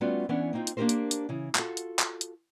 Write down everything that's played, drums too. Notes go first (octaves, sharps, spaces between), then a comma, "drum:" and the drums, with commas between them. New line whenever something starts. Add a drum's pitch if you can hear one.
G3 A3 B3 C#4 F4 F#4
E3 B3 C#4 D4
A#3 C4 D#4 F4
drum: hi-hat
A#3 D4 D#4 G4 A#4 C5
drum: hi-hat
drum: hi-hat
C#3 E3
F4 F#4 A4, drum: clap
drum: hi-hat
drum: clap
drum: hi-hat